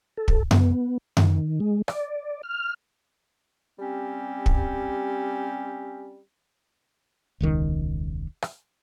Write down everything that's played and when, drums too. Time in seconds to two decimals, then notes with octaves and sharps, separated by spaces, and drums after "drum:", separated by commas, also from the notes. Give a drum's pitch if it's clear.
0.17 A4
0.28 drum: kick
0.51 B3, drum: tom F#2
1.17 D#3, drum: tom F#2
1.60 G#3
1.88 D5, drum: rim click
2.43 F6
3.79 G3 C4 C#4 G4
4.46 drum: kick
7.40 E1 C#2 D#3
8.42 drum: rim click